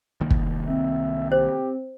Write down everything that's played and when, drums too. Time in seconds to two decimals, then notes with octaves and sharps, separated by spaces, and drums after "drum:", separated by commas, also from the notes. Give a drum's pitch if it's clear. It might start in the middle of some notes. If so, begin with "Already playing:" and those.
0.21 C2 D#3 A#3
0.31 drum: kick
0.68 C4 E5
1.32 G4 C5